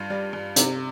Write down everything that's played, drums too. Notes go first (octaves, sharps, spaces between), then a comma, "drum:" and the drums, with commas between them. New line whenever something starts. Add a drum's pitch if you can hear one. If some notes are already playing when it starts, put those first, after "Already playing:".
Already playing: G2 F4
G3
G2
C3, drum: hi-hat